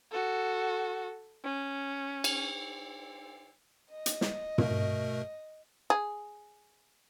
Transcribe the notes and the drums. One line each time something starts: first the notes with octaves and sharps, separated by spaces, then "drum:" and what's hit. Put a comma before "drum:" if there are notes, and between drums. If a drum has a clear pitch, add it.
F#4 A4
C#4
drum: cymbal
D#5
drum: hi-hat
drum: snare
B2 A3 A#4, drum: tom
G#4